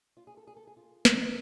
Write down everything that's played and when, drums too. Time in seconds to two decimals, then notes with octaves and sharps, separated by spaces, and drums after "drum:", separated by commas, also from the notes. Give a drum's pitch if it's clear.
0.17 F4
0.27 G#4
0.37 A4
0.47 G#4
0.57 A4
0.67 G#4
0.77 F4
1.05 drum: snare
1.17 D4